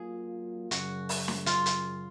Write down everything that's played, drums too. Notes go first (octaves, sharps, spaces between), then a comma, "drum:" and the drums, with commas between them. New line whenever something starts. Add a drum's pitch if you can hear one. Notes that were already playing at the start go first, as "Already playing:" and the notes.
Already playing: F#3 A#3 F4 G#4
F#2 C#3 F#3 F#4, drum: hi-hat
drum: open hi-hat
drum: snare
F4, drum: hi-hat
drum: hi-hat